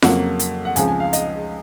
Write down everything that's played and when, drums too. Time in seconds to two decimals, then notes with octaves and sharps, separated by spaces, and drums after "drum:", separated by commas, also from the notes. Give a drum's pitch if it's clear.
0.02 F2 C#3 F#3 A#3 F#5, drum: snare F4
0.39 drum: hi-hat
0.65 F#5
0.76 C#2 C#3 F3 G#3 C4 G#5, drum: hi-hat
0.88 G#5
1.00 F5
1.13 D#5, drum: hi-hat